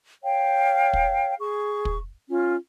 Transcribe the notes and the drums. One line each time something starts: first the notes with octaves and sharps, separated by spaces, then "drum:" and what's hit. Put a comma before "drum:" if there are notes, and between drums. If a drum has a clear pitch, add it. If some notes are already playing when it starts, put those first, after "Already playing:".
C#5 F5 G5
drum: kick
G#4 C#6
drum: kick
C#4 F4